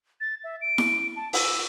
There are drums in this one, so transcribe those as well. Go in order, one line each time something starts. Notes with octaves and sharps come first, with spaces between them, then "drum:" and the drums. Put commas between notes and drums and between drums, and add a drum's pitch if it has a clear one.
A6
E5
D7
drum: snare E4
A5
E6, drum: open hi-hat